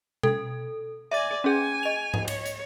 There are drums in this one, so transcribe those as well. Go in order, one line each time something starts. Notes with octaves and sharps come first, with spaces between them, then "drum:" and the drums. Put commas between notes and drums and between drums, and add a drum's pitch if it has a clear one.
A4, drum: tom B2
D5 E5 G#5 A6
C#4 G#4 G#5
D#5 F7
drum: tom G#2
C#5, drum: cymbal
drum: hi-hat